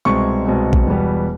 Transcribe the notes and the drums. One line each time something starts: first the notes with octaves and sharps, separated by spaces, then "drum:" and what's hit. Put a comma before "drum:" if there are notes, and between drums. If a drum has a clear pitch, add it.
C2 B2 G#3 C4 C#6
C2 B2 G#3 C4
drum: kick
E1 E2 B2 G3 B3